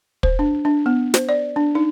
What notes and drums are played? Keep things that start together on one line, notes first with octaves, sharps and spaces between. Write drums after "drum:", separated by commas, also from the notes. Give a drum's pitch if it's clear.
C5, drum: kick
D4
D4
B3
C5, drum: snare
D5
D4
D#4